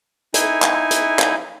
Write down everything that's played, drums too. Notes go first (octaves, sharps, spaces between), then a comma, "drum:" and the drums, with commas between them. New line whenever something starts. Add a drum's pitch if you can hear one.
D#4 E4 G#5, drum: hi-hat
drum: clap
drum: hi-hat
drum: clap